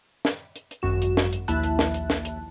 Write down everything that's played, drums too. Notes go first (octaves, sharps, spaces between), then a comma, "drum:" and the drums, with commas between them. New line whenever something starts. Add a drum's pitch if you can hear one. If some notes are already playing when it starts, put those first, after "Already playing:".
drum: snare
drum: hi-hat
drum: hi-hat
G#1 F#2 F#4 E7
drum: hi-hat
drum: snare
drum: hi-hat
A#1 D#2 E4 E5 A5 F#6, drum: hi-hat
drum: hi-hat
drum: snare
drum: hi-hat
drum: snare
drum: hi-hat